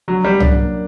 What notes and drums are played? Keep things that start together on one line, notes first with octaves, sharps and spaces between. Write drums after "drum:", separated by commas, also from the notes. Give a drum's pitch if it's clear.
D3 F#3
G3
F#2
D4, drum: tom C2
A#3